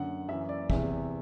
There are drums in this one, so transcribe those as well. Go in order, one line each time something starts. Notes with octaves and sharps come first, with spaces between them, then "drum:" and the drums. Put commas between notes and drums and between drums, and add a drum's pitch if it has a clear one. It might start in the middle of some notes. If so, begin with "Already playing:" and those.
Already playing: F#2 D3 F#5
F#2 E3 E5
D5
E2 C3 E3 E5, drum: kick